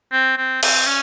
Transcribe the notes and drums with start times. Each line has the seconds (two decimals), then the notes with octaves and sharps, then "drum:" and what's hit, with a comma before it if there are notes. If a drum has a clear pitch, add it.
0.12 C4
0.37 C4
0.63 C4, drum: cymbal
0.87 C#4